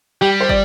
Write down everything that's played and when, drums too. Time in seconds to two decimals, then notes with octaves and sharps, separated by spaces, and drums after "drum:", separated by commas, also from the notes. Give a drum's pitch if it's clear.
0.21 G3 G4
0.41 C5
0.49 D5, drum: kick